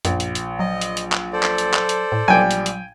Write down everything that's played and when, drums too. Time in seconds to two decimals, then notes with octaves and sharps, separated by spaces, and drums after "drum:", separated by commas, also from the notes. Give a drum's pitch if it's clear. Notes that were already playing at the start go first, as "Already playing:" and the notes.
0.05 A#1 F#2, drum: hi-hat
0.20 drum: hi-hat
0.35 drum: hi-hat
0.59 F#3 D#5
0.81 drum: hi-hat
0.97 drum: hi-hat
1.12 drum: clap
1.33 A4 C5 D5
1.43 drum: clap
1.58 drum: hi-hat
1.74 drum: clap
1.89 drum: hi-hat
2.12 A2
2.28 A#1 F#3 G3 G5 G#5
2.51 drum: hi-hat
2.66 drum: hi-hat